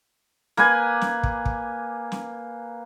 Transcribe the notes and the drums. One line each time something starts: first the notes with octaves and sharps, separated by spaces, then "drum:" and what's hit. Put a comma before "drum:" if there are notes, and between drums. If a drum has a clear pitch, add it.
A#3 B4 G#5, drum: snare
drum: snare
drum: kick
drum: kick
drum: snare